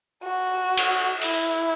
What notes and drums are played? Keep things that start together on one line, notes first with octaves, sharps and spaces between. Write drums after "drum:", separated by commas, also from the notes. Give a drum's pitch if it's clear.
F#4
drum: cymbal
E4, drum: open hi-hat